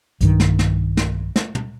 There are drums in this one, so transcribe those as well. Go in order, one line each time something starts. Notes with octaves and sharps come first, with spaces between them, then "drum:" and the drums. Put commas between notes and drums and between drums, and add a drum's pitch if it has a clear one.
B1 G2 D#3, drum: hi-hat
drum: snare
drum: snare
drum: snare
drum: snare
drum: tom